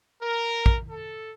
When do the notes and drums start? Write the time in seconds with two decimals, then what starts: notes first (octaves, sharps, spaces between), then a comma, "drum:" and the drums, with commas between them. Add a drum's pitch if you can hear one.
0.22 A#4
0.66 drum: kick
0.89 A4